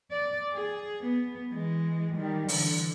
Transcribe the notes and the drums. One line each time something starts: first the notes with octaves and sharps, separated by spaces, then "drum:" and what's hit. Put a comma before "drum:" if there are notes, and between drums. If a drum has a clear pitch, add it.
D5
G#4
B3
E3 G#3
D#3 G3
D3 E3, drum: open hi-hat